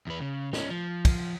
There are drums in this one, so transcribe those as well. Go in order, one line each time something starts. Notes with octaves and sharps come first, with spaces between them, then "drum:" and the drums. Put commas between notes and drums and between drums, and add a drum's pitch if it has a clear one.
E2 B4
C#3
C#4 D#4, drum: snare
F3
drum: kick, cymbal